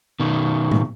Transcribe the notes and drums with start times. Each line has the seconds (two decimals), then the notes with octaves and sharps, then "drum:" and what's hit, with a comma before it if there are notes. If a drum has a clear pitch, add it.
0.20 B2 D#3
0.71 drum: tom A2